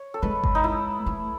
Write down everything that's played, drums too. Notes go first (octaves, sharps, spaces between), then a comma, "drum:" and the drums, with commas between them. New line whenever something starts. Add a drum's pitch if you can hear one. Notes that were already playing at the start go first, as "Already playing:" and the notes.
Already playing: C#5
A4
G#3 B4
drum: kick G1
D#4
E4
A3